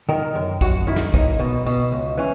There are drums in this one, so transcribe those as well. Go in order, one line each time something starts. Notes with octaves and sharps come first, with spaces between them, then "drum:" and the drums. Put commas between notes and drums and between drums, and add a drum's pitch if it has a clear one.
D#3 A#4
F#2
F#2 F#4, drum: kick, tambourine
D#3 E4
drum: snare
C#2 D#4, drum: kick
B2
B2, drum: tambourine
C#2
E3 C#4